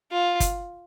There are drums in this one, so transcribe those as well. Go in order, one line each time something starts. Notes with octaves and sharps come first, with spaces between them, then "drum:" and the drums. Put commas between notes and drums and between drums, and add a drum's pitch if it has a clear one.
F4
drum: kick G1, hi-hat